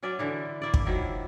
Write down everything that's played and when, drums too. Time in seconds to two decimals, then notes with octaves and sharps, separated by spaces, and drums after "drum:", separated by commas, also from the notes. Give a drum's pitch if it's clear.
0.03 F#3 C#4 D5 E5
0.19 D3 E3 E4
0.62 A#3 E4 D5
0.74 drum: kick
0.86 D#3 F3 F#3 E4